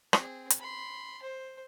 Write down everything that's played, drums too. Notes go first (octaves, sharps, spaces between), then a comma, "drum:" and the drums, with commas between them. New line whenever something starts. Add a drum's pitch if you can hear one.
C4 G#4, drum: rim click
drum: hi-hat
B5 C6
C5